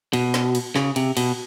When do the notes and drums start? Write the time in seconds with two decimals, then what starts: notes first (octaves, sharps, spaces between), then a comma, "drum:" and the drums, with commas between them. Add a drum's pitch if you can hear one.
0.13 B2, drum: cymbal
0.34 drum: snare
0.55 drum: cymbal
0.75 C#3, drum: snare
0.96 C3, drum: cymbal
1.17 B2, drum: cymbal